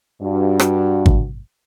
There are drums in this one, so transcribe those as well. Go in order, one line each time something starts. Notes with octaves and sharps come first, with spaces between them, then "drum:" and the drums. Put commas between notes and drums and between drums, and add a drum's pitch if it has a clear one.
G2 F#4
drum: rim click
drum: kick